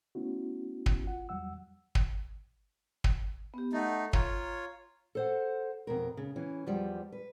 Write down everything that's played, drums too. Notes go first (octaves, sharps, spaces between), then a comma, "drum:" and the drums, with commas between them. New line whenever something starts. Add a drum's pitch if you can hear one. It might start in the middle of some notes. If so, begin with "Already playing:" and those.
A3 B3 C#4 E4 F#4
drum: kick
F4 F#5
E2 F#3 G3 F#5 E6
drum: kick
drum: kick
B3 G4
A3 D#4 A4 F#5
F4 C#5 A#5, drum: kick
A4 C5 F#5
F2 B2 A#4
C#3
E3 C#4
E2 F3 G3
B4